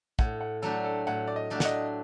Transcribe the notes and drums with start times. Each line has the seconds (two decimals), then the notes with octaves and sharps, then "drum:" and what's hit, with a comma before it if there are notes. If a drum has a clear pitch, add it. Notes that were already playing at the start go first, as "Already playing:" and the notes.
0.19 A2 F#5, drum: kick
0.41 F#5
0.62 F#3 A3 D4 G4 A4
0.84 A4
1.07 A2 F#5
1.27 D5
1.36 D#5
1.50 F#3 A3 D4 G4
1.60 F#5, drum: snare
1.65 D#5